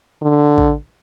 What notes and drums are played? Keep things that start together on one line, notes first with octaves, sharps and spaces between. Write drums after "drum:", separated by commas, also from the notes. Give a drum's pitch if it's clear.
D3
drum: kick